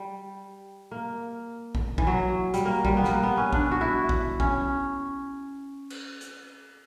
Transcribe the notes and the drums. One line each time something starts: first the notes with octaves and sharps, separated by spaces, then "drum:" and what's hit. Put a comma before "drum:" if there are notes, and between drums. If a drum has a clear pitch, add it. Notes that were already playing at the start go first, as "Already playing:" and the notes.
Already playing: G3
A#3
drum: kick
E3, drum: kick
F#3
G3, drum: hi-hat
A#3
G3, drum: kick
B3
A#3, drum: snare
B3
C#4
D4, drum: kick
F#4
E4
drum: kick
C#4, drum: kick
drum: cymbal
drum: hi-hat